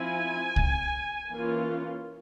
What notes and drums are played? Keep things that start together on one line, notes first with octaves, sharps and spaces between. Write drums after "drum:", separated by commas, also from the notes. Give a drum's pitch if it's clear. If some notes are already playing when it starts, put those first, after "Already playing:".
Already playing: F3 C4 E4 G#5
drum: kick C2
E3 A#3 C#4 F4